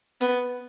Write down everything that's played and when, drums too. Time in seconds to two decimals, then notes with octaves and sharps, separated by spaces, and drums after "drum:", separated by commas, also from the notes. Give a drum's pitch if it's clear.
0.21 B3, drum: hi-hat